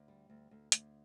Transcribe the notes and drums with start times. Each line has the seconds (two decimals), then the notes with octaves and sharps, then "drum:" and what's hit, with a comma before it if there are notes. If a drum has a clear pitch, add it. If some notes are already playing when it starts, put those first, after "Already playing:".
Already playing: D2
0.08 G3
0.30 D2
0.51 D2
0.72 D2, drum: hi-hat